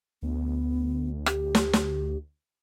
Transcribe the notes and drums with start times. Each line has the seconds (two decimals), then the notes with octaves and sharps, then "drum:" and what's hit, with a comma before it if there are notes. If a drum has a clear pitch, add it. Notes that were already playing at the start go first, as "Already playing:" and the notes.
0.22 D2 B3
1.26 G4, drum: rim click
1.55 drum: snare
1.73 drum: snare